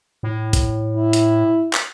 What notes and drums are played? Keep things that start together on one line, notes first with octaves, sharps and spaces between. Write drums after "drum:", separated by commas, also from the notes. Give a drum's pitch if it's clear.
A2
drum: kick, hi-hat
E4
drum: hi-hat
drum: clap